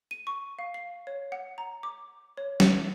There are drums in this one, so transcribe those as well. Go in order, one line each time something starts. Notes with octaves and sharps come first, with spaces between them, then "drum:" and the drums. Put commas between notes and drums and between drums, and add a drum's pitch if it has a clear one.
D#7
C#6
F5
C7
C#5
F#5
A#5
D6
C#5
C#7, drum: snare